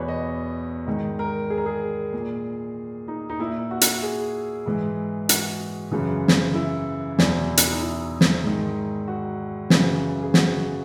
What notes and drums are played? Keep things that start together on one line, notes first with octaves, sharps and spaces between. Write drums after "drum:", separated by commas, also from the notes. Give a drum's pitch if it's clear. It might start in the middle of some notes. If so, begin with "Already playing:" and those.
Already playing: E2 B2 B4 C#5
D#5
G#2 D#3
A#4
G#4
A#4
G#4
A#2
D#4
D#4
A#2 E4
F#4
drum: hi-hat
G#4
G#2 E3
F#4, drum: hi-hat
F#2 C#3 E3
drum: snare
E4
E2 B2, drum: snare
drum: hi-hat
D#4
E4
drum: snare
G#2 D#3
F#4
F#2 C#3 E3, drum: snare
G#4
F#4, drum: snare